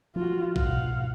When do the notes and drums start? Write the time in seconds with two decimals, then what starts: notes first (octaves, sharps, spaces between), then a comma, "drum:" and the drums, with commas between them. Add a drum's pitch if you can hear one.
0.16 F3 F4 F#4
0.56 C2 G#2 B2 F5 F#5, drum: kick A#1